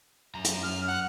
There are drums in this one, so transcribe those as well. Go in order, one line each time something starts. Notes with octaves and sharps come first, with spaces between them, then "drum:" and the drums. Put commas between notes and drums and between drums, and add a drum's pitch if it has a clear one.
F#2 A#5
drum: hi-hat
F6
F#5 F#6